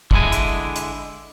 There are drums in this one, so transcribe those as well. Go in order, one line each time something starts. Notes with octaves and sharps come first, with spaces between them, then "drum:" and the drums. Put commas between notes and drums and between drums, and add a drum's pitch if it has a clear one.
D3 G#3 E4 G#5, drum: kick
drum: hi-hat
drum: hi-hat